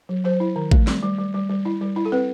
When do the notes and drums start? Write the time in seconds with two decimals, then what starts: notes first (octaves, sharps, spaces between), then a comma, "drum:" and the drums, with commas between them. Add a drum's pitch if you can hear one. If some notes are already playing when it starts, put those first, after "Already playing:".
0.09 F#3
0.25 F#3 C5
0.40 E4
0.56 D#3
0.71 A3, drum: kick A1
0.87 G3, drum: snare
1.03 G3
1.18 G3
1.34 G3
1.49 G3
1.65 E4
1.81 G3
1.96 E4
2.05 A4
2.12 C4 B4